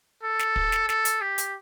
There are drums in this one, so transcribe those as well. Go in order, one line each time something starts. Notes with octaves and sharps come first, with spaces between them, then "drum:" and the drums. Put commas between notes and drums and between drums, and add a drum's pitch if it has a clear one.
A4
drum: snare
drum: kick
drum: snare
A4, drum: snare
drum: hi-hat
G4
drum: hi-hat